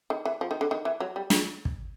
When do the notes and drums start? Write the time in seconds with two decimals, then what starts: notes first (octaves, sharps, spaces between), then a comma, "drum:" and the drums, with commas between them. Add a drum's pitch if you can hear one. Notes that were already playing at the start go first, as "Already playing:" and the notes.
0.10 D#3
0.25 E3
0.41 F3
0.51 D#3
0.61 D3
0.71 D#3
0.85 E3
1.00 F#3
1.16 G3
1.30 G#3, drum: snare
1.65 drum: kick